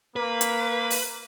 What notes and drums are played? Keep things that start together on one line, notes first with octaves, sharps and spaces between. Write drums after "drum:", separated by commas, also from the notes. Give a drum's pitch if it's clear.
A#3 B4
drum: hi-hat
drum: open hi-hat